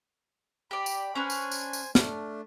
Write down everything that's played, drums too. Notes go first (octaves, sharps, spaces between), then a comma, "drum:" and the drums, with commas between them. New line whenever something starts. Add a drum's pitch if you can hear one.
G4 D5 B5
drum: tambourine
C#4 D4 B4 C5 G#5
drum: tambourine
drum: tambourine
drum: tambourine
A3 D4 F6, drum: snare